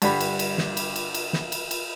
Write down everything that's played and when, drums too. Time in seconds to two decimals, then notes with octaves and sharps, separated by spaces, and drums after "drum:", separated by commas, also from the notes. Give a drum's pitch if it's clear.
0.02 G2 D3 G3 B5, drum: cymbal
0.21 drum: cymbal
0.39 drum: cymbal
0.58 drum: snare
0.77 drum: cymbal
0.96 drum: cymbal
1.14 drum: cymbal
1.33 drum: snare
1.52 drum: cymbal
1.71 drum: cymbal